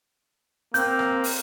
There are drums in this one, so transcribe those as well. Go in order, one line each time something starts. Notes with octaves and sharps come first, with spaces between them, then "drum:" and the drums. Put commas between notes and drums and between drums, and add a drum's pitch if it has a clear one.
A#3 C4 G6, drum: hi-hat
drum: rim click
drum: open hi-hat